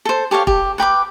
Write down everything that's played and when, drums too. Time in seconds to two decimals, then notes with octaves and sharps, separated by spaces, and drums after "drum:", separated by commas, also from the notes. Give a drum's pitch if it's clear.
0.05 A4 C5
0.31 G4 A4 C#5 F5
0.47 G4, drum: kick
0.78 B4 G5 B5 D6